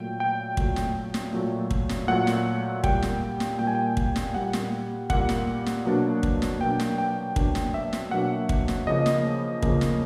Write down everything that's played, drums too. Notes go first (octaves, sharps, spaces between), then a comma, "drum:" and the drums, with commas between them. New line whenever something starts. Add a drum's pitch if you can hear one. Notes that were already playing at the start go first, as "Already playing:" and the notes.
Already playing: A#2 F#3 A3 G5
G5
A#2 F#3 A3, drum: kick
drum: snare
drum: snare
A#2 F#3 A3
drum: kick
drum: snare
A#2 F#3 A3 F#5
drum: snare
A#2 G3 A#3 G5, drum: kick
drum: snare
drum: snare
A#2 G3 A#3 G5
G#5
G5
drum: kick
drum: snare
A#2 G3 A#3 F#5
drum: snare
A#2 G3 A#3 F#5, drum: kick
drum: snare
drum: snare
B2 F#3 A#3 D4
drum: kick
drum: snare
B2 F#3 A#3 D4 G5
drum: snare
G5
B2 F#3 A#3 D4, drum: kick
drum: snare
E5
drum: snare
B2 F#3 A#3 D4 F#5
drum: kick
drum: snare
C#3 F3 A#3 D#5
drum: snare
C#3 F3 A#3, drum: kick
drum: snare